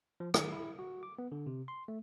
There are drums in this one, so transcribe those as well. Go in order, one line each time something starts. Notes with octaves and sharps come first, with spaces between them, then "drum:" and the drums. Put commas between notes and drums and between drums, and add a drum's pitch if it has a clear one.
F3
D#3, drum: rim click
E4
F#4
D6
B3
D3
C3
C6
A3